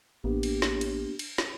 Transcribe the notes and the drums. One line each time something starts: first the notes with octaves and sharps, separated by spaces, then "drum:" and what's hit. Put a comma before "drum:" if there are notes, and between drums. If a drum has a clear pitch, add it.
A1 A#3 B3 D4 G4
drum: cymbal
drum: snare
drum: cymbal
drum: cymbal
drum: snare